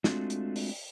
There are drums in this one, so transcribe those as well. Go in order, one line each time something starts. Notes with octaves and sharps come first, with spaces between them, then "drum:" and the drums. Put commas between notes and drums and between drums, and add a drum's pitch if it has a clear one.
G#3 A3 C4 D4 F4 F#4, drum: snare
drum: hi-hat
drum: open hi-hat